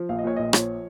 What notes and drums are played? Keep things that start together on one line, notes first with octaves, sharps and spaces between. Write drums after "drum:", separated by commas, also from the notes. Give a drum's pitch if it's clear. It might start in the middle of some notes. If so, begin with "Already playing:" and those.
Already playing: F3
A#1 F5
D#5
A#2 C#5
A#1 D#5
F3 C#5, drum: rim click